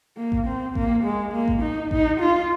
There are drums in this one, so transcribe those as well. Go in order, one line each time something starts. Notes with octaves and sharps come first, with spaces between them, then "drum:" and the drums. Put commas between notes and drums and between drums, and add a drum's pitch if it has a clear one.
A#3
drum: kick A1
C4
A#3, drum: kick A1
G#3
A#3
drum: kick A1
D#4
D#4, drum: kick A1
F4